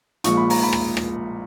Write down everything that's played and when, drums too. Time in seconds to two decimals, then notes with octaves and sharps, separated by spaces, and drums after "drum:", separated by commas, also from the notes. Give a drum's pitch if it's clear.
0.24 A#1 A#2 G#3 C#6, drum: hi-hat
0.37 B5
0.50 A#5, drum: open hi-hat
0.63 B5
0.73 drum: rim click
0.97 drum: rim click